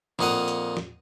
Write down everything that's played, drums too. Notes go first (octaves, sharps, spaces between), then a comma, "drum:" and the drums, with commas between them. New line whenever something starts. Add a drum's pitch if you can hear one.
F2 A#2 D#4 F5 F#5 D#6, drum: snare
drum: hi-hat
drum: snare